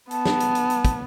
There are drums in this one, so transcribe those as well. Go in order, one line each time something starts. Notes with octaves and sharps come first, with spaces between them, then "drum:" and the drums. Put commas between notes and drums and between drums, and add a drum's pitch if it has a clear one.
B3 A5, drum: hi-hat
drum: snare
drum: hi-hat
drum: hi-hat
drum: hi-hat
drum: kick, hi-hat